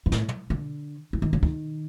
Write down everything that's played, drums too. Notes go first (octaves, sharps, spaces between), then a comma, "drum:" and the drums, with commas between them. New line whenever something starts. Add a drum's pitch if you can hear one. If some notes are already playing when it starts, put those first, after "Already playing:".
G#2
A2, drum: snare
drum: tom
D3
E3
D#3
D3
D#3, drum: kick